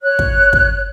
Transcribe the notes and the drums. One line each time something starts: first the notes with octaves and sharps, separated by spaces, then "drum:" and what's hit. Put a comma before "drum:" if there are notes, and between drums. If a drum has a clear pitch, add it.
C#5 F#6
drum: kick
drum: kick